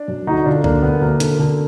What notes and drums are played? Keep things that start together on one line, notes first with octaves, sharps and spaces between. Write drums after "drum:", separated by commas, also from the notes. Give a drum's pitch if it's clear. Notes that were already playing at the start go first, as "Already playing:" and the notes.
Already playing: D4
F#2
D2 D#4 F#4
D3 D4 F4
D3 A#3 D4, drum: kick
D2 B3
D2 A#3
D3, drum: hi-hat
D3